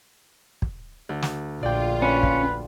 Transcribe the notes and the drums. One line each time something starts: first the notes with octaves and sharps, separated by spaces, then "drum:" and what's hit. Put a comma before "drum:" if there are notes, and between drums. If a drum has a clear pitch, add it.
drum: kick
D2
drum: snare
A#1 F4 D5 G5
C#4 B4
drum: kick